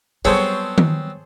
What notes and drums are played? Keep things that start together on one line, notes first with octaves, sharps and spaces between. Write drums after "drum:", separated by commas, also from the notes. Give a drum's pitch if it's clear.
F#3 G3 B3 C4 G#4 A4 C5 C#5
drum: tom D#3